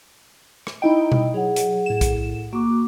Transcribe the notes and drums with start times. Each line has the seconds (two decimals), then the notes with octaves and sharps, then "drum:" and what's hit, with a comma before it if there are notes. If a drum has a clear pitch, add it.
0.67 drum: rim click
0.82 D#4 E4 D#5 G5
1.12 drum: tom B2
1.34 F#3 G#4 F#5
1.56 drum: hi-hat
1.86 A2 E7
2.01 drum: kick, hi-hat
2.53 A#3 F#4 D6